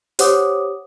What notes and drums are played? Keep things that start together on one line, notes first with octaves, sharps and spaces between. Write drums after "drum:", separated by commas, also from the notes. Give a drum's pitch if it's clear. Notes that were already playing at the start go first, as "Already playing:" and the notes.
G4 C5 C#5 F#5 D6 D#6, drum: hi-hat